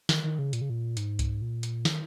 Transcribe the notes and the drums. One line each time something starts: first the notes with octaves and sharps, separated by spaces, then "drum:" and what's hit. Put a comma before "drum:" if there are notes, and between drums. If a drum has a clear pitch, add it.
D#3, drum: snare
D#3
C#3
A#2, drum: hi-hat
C#3
A#2
G#2, drum: hi-hat
drum: kick C2, hi-hat
A#2
drum: hi-hat
D#3, drum: snare